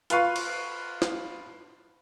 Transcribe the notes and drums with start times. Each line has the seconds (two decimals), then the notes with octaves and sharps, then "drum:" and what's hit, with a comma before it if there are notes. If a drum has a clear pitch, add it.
0.10 F4 B4 F5 C#6, drum: hi-hat
0.36 drum: cymbal
1.02 drum: snare